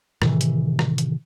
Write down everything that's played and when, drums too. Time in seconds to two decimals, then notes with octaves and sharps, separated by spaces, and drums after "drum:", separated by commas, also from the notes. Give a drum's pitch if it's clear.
0.22 A2 C3 D#3 E3, drum: rim click
0.41 drum: hi-hat
0.79 drum: rim click
0.98 drum: hi-hat